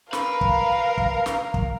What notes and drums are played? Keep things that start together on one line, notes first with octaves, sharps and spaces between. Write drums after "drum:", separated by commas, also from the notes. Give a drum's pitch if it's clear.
A#4 B4 F5, drum: snare
drum: kick
drum: kick
drum: snare
drum: kick